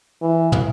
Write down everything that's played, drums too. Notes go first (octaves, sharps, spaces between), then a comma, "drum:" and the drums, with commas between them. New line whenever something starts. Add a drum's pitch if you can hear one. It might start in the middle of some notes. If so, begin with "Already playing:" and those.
E3
drum: tom